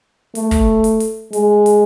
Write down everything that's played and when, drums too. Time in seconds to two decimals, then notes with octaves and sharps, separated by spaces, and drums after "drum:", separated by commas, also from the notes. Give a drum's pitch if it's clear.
0.35 A3, drum: hi-hat
0.51 drum: kick, hi-hat
0.84 drum: hi-hat
1.00 drum: hi-hat
1.33 G#3, drum: hi-hat
1.66 drum: hi-hat